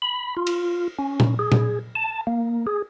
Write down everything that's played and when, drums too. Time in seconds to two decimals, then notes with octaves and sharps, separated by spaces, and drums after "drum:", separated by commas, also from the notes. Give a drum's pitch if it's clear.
0.02 B5
0.37 F4
0.47 drum: cymbal
0.99 C#4
1.20 drum: tom A#2
1.39 G#4
1.52 drum: tom A#2
1.95 A5
2.27 A#3
2.67 G#4